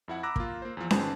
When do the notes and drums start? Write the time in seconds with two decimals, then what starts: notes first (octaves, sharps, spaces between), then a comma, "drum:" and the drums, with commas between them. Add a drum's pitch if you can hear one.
0.08 F2 E4 F#5
0.23 A#5 B5 D6 E6 F#6 A#6
0.36 A#3 F4, drum: kick
0.62 A#3 C5
0.77 E2 F3
0.91 G1 D#3 G#4 B4 C5 A5, drum: snare C#4